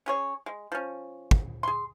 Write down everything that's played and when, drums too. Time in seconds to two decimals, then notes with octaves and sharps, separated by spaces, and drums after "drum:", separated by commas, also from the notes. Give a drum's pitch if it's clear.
0.06 C#4 G#4 C#5
0.46 G#3
0.72 F3 C#4
1.31 drum: kick
1.63 G#4 C6